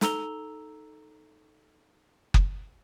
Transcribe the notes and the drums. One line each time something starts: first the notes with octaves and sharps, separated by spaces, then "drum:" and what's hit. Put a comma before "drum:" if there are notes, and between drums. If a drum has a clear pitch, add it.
D#4 A4 A#5 E6 F7 G7, drum: snare
drum: kick F#1